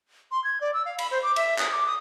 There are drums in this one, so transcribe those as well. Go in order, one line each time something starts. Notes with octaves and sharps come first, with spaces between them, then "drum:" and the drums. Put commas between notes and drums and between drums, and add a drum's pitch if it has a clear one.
C6
G#6
D5
E6
F5
B5, drum: cymbal
C5
D6
E5, drum: cymbal
D#6, drum: clap
D6
D#6